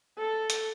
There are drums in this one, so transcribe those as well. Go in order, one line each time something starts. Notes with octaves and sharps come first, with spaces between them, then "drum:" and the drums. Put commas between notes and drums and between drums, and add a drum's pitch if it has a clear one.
A4
drum: hi-hat